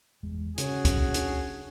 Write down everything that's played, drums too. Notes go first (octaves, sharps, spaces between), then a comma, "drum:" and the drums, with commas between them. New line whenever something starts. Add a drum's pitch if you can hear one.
G1 E2 G#3
C#3 C#4 F#4 G#4, drum: hi-hat
drum: kick, hi-hat
D4, drum: hi-hat